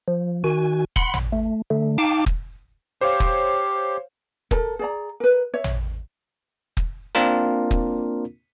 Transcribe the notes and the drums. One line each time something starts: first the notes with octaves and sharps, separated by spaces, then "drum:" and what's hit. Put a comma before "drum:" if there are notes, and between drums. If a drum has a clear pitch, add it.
F3
D#3 F#4 G#5
F#5 B5 C6, drum: kick
drum: tom A1
A3
D3 A3
D#4 F5 G5 A5 D6
drum: kick
G4 C5 C#5 F5
drum: kick
A4 A#4, drum: kick
G#4 D5 A#5
A#4 B4
C#5 E5
drum: tom A1
drum: kick
A#3 C4 D4 F4 A#4
drum: kick